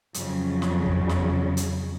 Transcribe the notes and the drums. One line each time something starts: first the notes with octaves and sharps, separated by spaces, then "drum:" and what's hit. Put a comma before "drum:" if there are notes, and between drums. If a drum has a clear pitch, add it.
F2 C#3 F#3, drum: hi-hat
drum: snare
drum: kick
drum: snare
drum: hi-hat